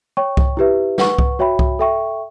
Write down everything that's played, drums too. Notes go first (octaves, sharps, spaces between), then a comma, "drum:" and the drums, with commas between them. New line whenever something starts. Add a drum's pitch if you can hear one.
C#5 G5 C#6
drum: kick C2
E4 G4 B4 E5
B4 F#5 C#6, drum: snare
drum: kick C2
F#4 C#5 E5 G5 B5
drum: kick C2
A4 E5 G5 C#6